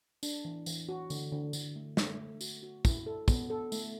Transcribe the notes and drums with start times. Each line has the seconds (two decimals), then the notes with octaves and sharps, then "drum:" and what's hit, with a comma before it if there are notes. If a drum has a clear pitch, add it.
0.23 D4, drum: tambourine
0.45 E3
0.66 E3, drum: tambourine
0.89 F#4
1.10 D3, drum: tambourine
1.32 D3
1.53 D3, drum: tambourine
1.76 A3
1.97 A3, drum: snare
2.19 A3
2.41 F#4, drum: tambourine
2.63 F#4
2.85 E4, drum: kick, tambourine
3.06 A4
3.28 B3, drum: kick, tambourine
3.50 A4
3.72 A3, drum: tambourine